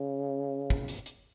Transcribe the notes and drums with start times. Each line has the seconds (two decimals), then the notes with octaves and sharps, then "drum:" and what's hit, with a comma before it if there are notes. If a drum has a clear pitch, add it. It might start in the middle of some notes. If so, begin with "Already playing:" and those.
Already playing: C#3
0.70 drum: kick
0.88 drum: hi-hat
1.06 drum: hi-hat